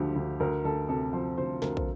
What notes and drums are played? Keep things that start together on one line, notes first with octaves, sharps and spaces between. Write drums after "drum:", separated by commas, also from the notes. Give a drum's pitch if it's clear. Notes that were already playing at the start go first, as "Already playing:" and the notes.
Already playing: D2 D3 F3 G4
D2
D2 A#4
D2 A4
C3 A4
F3 C5
D2 C5
D2 A#4, drum: snare
C5, drum: kick